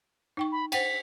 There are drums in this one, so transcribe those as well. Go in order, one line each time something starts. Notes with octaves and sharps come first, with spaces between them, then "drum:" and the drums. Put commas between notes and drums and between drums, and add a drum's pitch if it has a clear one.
D#4 G5 C#6
B5
C5 F#5 G5 B6, drum: cymbal